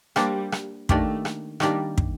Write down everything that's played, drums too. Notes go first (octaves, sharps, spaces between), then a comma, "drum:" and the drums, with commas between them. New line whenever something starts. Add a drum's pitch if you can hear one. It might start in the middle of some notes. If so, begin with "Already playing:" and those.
G3 A#3 D4 G4 C5, drum: rim click
drum: rim click
D#3 A3 A#3 D4 G4 D5, drum: kick
drum: rim click
D#3 G3 A#3 D4 G4 D5, drum: rim click
drum: kick